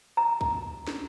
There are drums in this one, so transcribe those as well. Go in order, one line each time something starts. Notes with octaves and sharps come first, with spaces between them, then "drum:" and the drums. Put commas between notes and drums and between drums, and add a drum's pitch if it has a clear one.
A#5
drum: kick
drum: snare